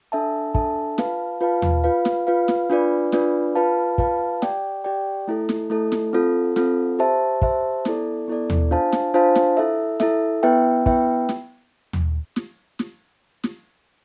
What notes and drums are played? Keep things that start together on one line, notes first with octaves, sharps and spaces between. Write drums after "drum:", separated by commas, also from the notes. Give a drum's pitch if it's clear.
D4 A4 E5 A5
D4 A4 E5 A5, drum: kick
F4 B4 F5 A5, drum: snare
F4 B4 F5 A5
drum: tom D#2
F4 B4 F5
drum: snare
F4 B4 F5
drum: snare
D4 F4 B4 D5
D4 F4 B4 D5, drum: snare
F4 B4 F5 A5
F4 B4 F5 A5, drum: kick
G4 D5 G5, drum: snare
G4 D5 G5
A3 E4 A4
drum: snare
A3 E4 A4
drum: snare
C4 F4 A4
C4 F4 A4, drum: snare
G4 C5 E5 A5
G4 C5 E5 A5, drum: kick
B3 E4 A4 D5, drum: snare
B3 E4 A4 D5
drum: tom D#2
D4 F4 C5 F5 A5
drum: snare
D4 F4 C5 F5 A5
drum: snare
E4 A4 E5
E4 A4 E5, drum: snare
B3 E4 B4 E5 G5
B3 E4 B4 E5 G5, drum: kick
drum: snare
drum: tom D#2
drum: snare
drum: snare
drum: snare